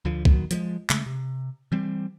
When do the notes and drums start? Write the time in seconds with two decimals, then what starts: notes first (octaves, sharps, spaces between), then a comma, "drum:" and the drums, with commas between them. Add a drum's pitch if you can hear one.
0.05 D2 D3 F3
0.25 D#1 D#3 F#3, drum: kick C2
0.51 F3 F#3 G#3, drum: hi-hat
0.90 C#3 G#3 A3, drum: clap
1.06 C3
1.72 E3 G3 C4